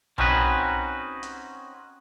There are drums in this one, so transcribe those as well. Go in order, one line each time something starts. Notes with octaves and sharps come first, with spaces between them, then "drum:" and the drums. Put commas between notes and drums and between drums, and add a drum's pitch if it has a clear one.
C4 C#4 D#4 F#4 B4, drum: tom B1
drum: hi-hat